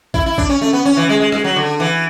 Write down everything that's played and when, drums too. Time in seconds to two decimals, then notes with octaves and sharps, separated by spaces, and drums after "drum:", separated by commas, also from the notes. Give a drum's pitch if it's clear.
0.14 E4, drum: kick A1
0.26 E4
0.38 D4, drum: kick A1
0.50 C#4
0.62 A3
0.73 B3
0.85 C#4
0.97 E3
1.09 G#3
1.20 G#3
1.32 G#3, drum: rim click
1.44 F#3
1.56 D3
1.80 E3